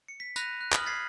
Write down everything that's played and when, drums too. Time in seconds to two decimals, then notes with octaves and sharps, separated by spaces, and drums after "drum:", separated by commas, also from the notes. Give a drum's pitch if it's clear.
0.08 C#7
0.20 B6
0.36 B5 F#6 A#6 D#7 F7, drum: tambourine
0.61 F#6
0.73 B5 D#6 F6 F#7, drum: clap
0.86 G#6 A6 B6 C7